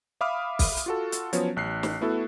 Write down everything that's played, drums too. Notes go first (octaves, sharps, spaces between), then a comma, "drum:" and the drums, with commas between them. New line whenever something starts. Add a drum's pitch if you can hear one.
E5 F5 B5 D6 D#6 F6
drum: kick, open hi-hat
drum: hi-hat
F4 F#4 A4
drum: hi-hat
F3 F#3 B3 C#4 C#5, drum: hi-hat
A1 F#6 C7
drum: snare
A3 B3 E4 F#4 A4